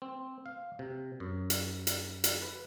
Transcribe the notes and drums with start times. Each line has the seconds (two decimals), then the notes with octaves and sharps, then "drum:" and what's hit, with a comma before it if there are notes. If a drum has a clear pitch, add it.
0.02 C4
0.46 F5
0.79 C3
1.20 F#2
1.50 drum: hi-hat
1.87 drum: hi-hat
2.24 drum: hi-hat
2.42 B4